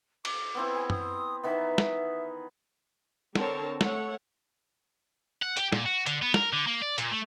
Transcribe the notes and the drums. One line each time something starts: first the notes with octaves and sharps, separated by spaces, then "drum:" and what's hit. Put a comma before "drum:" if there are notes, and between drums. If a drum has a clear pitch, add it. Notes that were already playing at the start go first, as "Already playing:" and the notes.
D6, drum: cymbal
B3 C4 E4
G#5
D#6, drum: tom
D#3 E3 B3 E5
drum: snare
D3 C4 A4 A#4 C#5 A5, drum: snare
A3 A4 C#5 F#5, drum: snare
F#5
G4, drum: hi-hat
A#2, drum: snare
F#4
D3, drum: hi-hat
B3
A#4, drum: snare
D3
A#3
D5
A#2, drum: hi-hat
A3